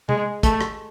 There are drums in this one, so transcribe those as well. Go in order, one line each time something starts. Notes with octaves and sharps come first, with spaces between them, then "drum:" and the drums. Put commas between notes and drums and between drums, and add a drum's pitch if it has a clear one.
G#3, drum: tom C3
A3, drum: kick, hi-hat
drum: rim click